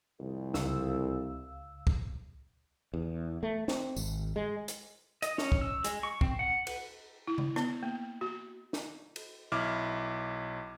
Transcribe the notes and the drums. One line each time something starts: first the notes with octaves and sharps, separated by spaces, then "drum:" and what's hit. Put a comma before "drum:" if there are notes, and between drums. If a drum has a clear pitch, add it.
C2 F2
C#2 F5 E6, drum: snare
drum: kick
E2
A3
C4, drum: snare
G#1, drum: tambourine
G#3
drum: hi-hat
D#5, drum: hi-hat
C#4, drum: snare
drum: kick
E6
G#3, drum: hi-hat
C#6
C4, drum: kick
F#5
B4, drum: cymbal
E4
drum: tom C#3
B3, drum: rim click
A#3
F#4
drum: snare
drum: cymbal
B1 E4 D6 F6